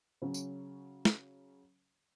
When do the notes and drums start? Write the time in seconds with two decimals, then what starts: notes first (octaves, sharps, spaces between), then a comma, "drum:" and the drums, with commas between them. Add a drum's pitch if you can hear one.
0.22 C#3 F#3 C#4
0.34 drum: tambourine
1.05 drum: snare